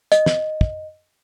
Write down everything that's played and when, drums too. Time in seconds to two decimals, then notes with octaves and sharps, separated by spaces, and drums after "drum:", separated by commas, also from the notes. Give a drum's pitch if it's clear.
0.12 D#5, drum: hi-hat
0.26 drum: snare
0.61 drum: kick